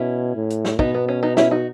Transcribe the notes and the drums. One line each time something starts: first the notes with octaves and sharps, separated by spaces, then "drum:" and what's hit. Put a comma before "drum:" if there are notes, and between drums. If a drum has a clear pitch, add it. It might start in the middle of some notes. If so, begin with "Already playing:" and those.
Already playing: B2 C#4 E4
A2
drum: hi-hat
drum: snare
B2 B3 D#4, drum: kick
B3
C#4
B3 D#4
C#4 E4, drum: snare
D#4 F#4